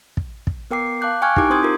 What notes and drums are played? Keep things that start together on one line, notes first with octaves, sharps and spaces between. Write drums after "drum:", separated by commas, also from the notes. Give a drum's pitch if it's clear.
drum: kick
drum: kick
B3 A#4 G5 D6 C7
F5 A5 D6 F#6 G6
G5 G#5 C#6 F6 F#6 G#6
D#4 E4 G4 A#4 D6 D7, drum: kick
C4 C5 C6 D#6 G6 G#6
F4 A#4